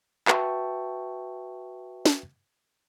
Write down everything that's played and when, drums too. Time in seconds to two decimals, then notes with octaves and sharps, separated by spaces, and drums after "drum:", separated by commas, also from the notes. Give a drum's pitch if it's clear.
0.28 F#4 B4 E5 G5 A5 C#6, drum: clap
2.05 drum: snare